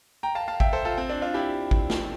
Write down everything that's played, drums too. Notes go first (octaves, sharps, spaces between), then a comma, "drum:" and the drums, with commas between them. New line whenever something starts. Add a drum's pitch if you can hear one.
G5 A#5
F5 A5
F5 A5
E5 G5, drum: kick A1
A4 C5
F4 A4
C4
D4
D4 F4
E4 G4
drum: kick A1
drum: snare